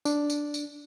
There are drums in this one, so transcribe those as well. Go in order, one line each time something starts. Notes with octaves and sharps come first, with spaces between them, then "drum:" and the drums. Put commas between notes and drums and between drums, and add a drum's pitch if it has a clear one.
D4, drum: tambourine
drum: tambourine
drum: tambourine